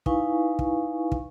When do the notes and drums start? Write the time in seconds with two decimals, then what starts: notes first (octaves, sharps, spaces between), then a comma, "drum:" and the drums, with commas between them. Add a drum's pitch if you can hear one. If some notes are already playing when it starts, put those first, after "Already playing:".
0.06 D#4 E4 B4 F5 G#5 C#6, drum: kick
0.59 drum: kick
1.12 drum: kick